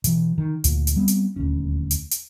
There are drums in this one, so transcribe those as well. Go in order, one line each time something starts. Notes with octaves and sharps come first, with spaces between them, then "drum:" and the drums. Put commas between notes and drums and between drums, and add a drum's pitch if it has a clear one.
B2 E3, drum: hi-hat
D#3
D2 A#2, drum: hi-hat
drum: hi-hat
G3 B3 C4
drum: hi-hat
D#1 D2 C#4
drum: hi-hat
drum: hi-hat